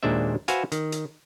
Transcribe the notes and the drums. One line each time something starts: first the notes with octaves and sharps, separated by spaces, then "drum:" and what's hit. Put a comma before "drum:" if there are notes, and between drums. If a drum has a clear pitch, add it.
D#2 A#2 G#3 D4 C5 E5
F#4 B4 C5 E5 F5 G#5, drum: hi-hat
D#3, drum: hi-hat
drum: hi-hat